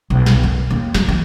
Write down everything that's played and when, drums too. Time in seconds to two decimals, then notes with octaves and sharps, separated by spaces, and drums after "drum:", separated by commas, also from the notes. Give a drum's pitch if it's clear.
0.10 B1
0.26 drum: snare
0.43 D#3
0.70 D#2
0.95 F#3, drum: snare
1.08 E3